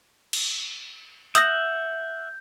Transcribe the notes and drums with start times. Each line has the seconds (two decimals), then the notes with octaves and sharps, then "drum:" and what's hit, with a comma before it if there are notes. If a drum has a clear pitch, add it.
0.33 drum: cymbal
1.35 E5 F#5 D#6 E6 G6 A#6, drum: hi-hat